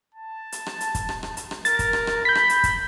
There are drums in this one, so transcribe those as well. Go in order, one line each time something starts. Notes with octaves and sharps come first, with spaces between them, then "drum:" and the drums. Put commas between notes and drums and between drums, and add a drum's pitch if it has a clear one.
A5
drum: hi-hat
drum: rim click
drum: hi-hat
drum: kick, hi-hat
drum: rim click
drum: rim click
drum: hi-hat
drum: rim click
A#4 A6, drum: hi-hat
drum: kick, hi-hat
drum: rim click
drum: rim click
B5 G6 B6
drum: rim click
drum: hi-hat
drum: kick, hi-hat